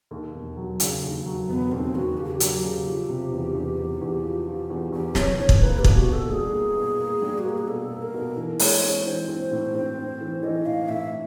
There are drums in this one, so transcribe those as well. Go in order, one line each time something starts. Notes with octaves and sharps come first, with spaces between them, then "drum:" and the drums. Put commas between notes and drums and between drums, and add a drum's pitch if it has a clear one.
D#2
E1
F#3
C#3, drum: hi-hat
D#2
F#3
E1 B3
D#2 C4
D#2 F#4
C#3 G4
F#4
G4
F#3, drum: hi-hat
C#3
F3
C3
E2
E2
E2
E2
F3
F3
E2
E2 G4
C3 C#5, drum: snare
E2 C#5
drum: kick
A#3 B4
G4
B2, drum: kick
F#4
B2 A4
G3 G#4
A#3
B2
A#3
G3
F#4
A#3 G4
G#4
B2 A4
A#3
A#4
B2
E3
G#3 C#5, drum: open hi-hat
C4 C#5
E3 C5
C4
A2
C4
C4
E3
E3 D#5
A2 F5
A2 E5